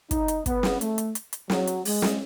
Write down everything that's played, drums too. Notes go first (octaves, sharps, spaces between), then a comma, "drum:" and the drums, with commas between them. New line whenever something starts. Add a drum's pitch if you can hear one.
D#4, drum: kick, hi-hat
drum: hi-hat
B3, drum: kick, hi-hat
drum: snare
A3, drum: hi-hat
drum: hi-hat
drum: hi-hat
drum: hi-hat
F#3, drum: snare
drum: hi-hat
G#3, drum: open hi-hat
drum: snare